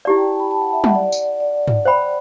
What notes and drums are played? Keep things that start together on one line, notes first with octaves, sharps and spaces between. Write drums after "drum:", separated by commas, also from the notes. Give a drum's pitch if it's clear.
E4 G4 D5 A5
G5
A5
B5
A5
F#5
E5
F#5, drum: tom
D5
drum: tambourine
D5
drum: tom
C5 G5 B5